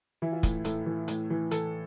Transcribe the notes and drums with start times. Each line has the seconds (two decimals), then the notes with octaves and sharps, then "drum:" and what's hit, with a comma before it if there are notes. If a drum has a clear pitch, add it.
0.22 E3 E4
0.32 F4
0.43 A2, drum: kick, hi-hat
0.65 A2 A4, drum: hi-hat
0.86 E3
1.08 A2, drum: hi-hat
1.30 E3
1.51 E3 A4, drum: hi-hat